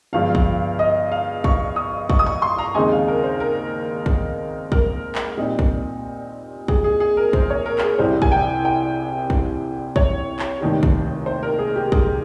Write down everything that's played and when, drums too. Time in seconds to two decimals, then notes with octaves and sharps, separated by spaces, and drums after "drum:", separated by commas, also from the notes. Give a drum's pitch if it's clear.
0.13 G1 G2 F3 G#3 F5
0.35 drum: kick
0.79 D#5
1.12 F5
1.44 C#6, drum: kick
1.76 D#6
2.10 C#6, drum: kick
2.19 D#6
2.26 C#6
2.42 C6
2.59 A#5
2.75 D#2 C#3 G#3 C4 D#4 G#5
2.92 F5
3.08 A#4
3.24 C5
3.40 A#4
4.06 drum: kick
4.72 A#4, drum: kick
5.15 drum: clap
5.37 A#2 G3 C4 D#4
5.59 drum: kick
6.68 G#4, drum: kick
6.84 G#4
7.00 G#4
7.17 A#4
7.33 C5, drum: kick
7.50 C#5
7.66 A#4
7.78 A#4, drum: clap
7.83 G#4
7.99 C2 C3 G3 C5
8.22 G#5, drum: kick
8.32 G5
8.65 G5
9.30 drum: kick
9.96 C#5, drum: kick
10.39 drum: clap
10.60 F1 D#2 D#3 G3
10.83 drum: kick
11.26 C5
11.43 A#4
11.59 G#4
11.76 G4
11.92 G#4, drum: kick